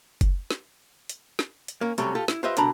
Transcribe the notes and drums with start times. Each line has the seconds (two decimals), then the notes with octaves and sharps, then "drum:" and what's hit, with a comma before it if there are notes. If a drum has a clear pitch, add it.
0.21 drum: kick F#1, hi-hat
0.50 drum: snare
1.09 drum: hi-hat
1.39 drum: snare
1.68 drum: hi-hat
1.81 A#3 C#4
1.98 C3 F#3 G3 A3 C#4, drum: hi-hat
2.15 F4 G4 A4
2.28 E4, drum: snare
2.43 F4 G4 B4 C5 D#5 E5
2.57 C2 B2 D3 D4 A#5 B5, drum: hi-hat